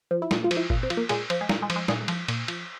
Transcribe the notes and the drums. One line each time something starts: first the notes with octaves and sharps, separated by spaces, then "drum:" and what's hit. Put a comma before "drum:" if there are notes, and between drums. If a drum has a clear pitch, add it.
F3
E4
A#2 F4, drum: snare
F4
F3, drum: cymbal
E4
A#2 F4, drum: kick G1
C4
F3, drum: cymbal
A#3
A#2 G#3, drum: cymbal
F3, drum: cymbal
G#3
A#2 A#3, drum: snare
G#3
F3, drum: cymbal
G#3
A#2 G#3, drum: snare
F3, drum: cymbal
A#2, drum: cymbal
F3, drum: cymbal